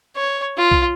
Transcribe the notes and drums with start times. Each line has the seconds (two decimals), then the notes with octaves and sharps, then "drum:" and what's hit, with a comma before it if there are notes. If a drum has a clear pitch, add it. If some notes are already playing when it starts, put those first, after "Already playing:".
0.16 C#5
0.57 F4
0.71 drum: kick